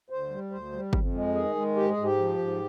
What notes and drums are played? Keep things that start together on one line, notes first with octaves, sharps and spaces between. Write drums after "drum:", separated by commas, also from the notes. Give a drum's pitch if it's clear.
D2 C5
G3
D2 C5
G3
F2, drum: kick G1
G#3
D#3 G#4
G#3
G#2 G4
G#4
G#2
G4
F3
G#2